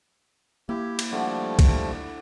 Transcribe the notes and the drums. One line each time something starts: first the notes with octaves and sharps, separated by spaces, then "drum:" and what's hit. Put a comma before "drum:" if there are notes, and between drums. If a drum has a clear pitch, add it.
A#3 E4 G4
drum: cymbal
D3 F3 G3 A3
drum: kick, cymbal